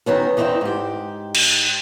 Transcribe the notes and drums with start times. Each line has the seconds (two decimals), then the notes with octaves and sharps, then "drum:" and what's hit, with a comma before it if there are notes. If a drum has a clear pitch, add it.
0.06 D#3 F#3 B3 C#4
0.37 E2 E3 C4 D#4 E4
0.61 G#2 G4
1.35 drum: cymbal